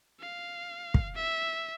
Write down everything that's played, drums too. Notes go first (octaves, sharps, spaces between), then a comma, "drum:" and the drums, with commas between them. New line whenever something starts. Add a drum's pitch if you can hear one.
F5
drum: kick
E5